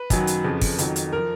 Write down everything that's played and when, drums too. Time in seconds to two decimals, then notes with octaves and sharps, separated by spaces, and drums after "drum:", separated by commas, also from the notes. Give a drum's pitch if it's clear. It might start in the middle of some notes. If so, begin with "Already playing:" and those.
Already playing: B4
0.10 F#2 D#3 F#3, drum: kick, hi-hat
0.27 drum: hi-hat
0.44 F2 C#3 F3
0.61 drum: kick, open hi-hat
0.78 F2 D#3 F#3, drum: hi-hat
0.96 drum: hi-hat
1.13 F3 A#4